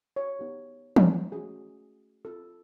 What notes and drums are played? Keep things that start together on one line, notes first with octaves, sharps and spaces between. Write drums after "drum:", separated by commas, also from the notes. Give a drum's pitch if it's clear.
C#5
B3 D#4 G4
drum: tom E3
A3 C#4 F#4 G#4
C4 F4 A4